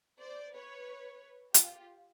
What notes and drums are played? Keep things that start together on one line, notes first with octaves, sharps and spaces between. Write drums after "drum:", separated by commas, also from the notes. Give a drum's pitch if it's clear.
C5 D5
B4 C#5
F4 G4, drum: hi-hat